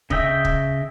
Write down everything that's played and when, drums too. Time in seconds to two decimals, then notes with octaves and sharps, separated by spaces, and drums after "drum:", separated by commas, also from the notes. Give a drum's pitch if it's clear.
0.10 C#3 D#5 E5 G5, drum: kick
0.45 drum: kick